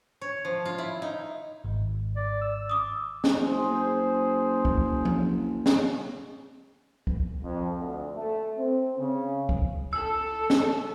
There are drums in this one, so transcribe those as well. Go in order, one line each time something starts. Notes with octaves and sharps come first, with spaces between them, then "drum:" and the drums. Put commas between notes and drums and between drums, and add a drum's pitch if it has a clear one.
C#5
F3
F4
E4
D#4
G#1
D5
E6
D6 D#6
drum: snare
F#1 G#4 C5
drum: kick
drum: tom F3
drum: snare
drum: kick
F2
D2
A3
C4
C#3
drum: kick
A4 E6
drum: snare